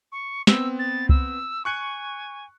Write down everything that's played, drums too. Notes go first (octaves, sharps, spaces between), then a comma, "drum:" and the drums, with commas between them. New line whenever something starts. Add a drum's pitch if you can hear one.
C#6
B3 C4 E6, drum: snare
A6
E6, drum: kick C2
G#5 C#6 F#6 C#7